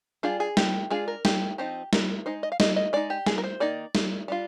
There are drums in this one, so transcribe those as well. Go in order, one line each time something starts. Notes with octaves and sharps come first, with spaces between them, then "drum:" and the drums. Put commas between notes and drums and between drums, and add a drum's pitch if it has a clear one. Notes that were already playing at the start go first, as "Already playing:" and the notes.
G3 D4 F4 G#4
G#4
G4, drum: snare
G#3 D4 F4 G#4
A#4
G4, drum: snare
F3 C4 D#4 G4
A#4, drum: snare
G#3 D#4 C5
D#5
F5
D#5, drum: snare
D#5
G#3 D#4 D5
G4
G#4, drum: snare
A#4
C5
D#3 A#3 D#4 D5
drum: snare
G3 D4 F4